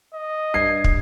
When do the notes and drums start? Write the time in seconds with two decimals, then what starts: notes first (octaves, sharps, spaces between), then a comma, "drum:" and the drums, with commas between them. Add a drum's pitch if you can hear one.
0.14 D#5
0.54 G2 G#6 C7
0.84 drum: kick